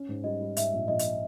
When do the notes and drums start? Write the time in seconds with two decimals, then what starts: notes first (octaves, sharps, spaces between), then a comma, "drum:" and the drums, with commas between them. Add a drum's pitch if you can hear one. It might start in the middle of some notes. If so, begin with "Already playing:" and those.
Already playing: C#4
0.09 G#2
0.24 G3 D#5
0.41 G3
0.57 G#2 E5, drum: hi-hat
0.73 A#1
0.88 A#1 D#5
0.99 drum: hi-hat